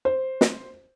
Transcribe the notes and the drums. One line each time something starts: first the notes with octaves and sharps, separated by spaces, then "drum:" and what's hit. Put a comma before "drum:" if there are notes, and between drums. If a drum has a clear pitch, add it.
C5
drum: snare